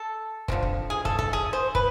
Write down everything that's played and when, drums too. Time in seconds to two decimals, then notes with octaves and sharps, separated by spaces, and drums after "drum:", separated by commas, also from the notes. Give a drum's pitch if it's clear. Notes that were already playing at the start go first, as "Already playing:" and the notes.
Already playing: A4
0.48 D3 F3 G#3 C4, drum: kick
0.63 drum: kick
0.90 G#4
1.05 A4, drum: kick
1.19 A4, drum: kick
1.33 G#4
1.53 C5
1.75 B4, drum: kick